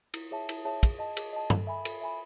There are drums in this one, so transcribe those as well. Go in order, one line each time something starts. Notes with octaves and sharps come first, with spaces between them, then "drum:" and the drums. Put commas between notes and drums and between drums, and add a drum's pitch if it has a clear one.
E4, drum: cymbal
G#4 C#5 E5 A5
E4, drum: cymbal
G#4 C#5 E5 A5
G#4, drum: kick, cymbal
D#5 A5
G#4, drum: cymbal
D#5 A5
A4, drum: tom G2
E5 G#5 B5
A4, drum: cymbal
E5 G#5 B5